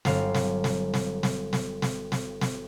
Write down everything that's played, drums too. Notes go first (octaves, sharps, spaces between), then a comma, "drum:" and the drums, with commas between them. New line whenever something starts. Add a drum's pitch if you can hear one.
G1 F#3 F5, drum: snare
drum: snare
drum: snare
drum: snare
drum: snare
drum: snare
drum: snare
drum: snare
drum: snare